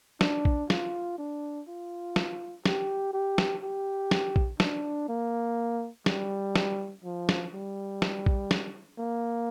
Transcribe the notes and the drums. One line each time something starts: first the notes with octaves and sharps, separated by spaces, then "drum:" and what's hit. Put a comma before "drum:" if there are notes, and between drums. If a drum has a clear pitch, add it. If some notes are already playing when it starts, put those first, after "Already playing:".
D4, drum: snare
drum: kick A#1
F4, drum: snare
D4
F4
drum: snare
G4, drum: snare
G4
drum: snare
G4
drum: snare
drum: kick A#1
D4, drum: snare
A#3
G3, drum: snare
drum: snare
F3
drum: snare
G3
drum: snare
drum: kick A#1
drum: snare
A#3